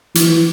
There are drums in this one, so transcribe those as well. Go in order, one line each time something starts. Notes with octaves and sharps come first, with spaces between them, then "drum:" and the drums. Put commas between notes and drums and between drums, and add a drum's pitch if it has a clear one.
E3, drum: hi-hat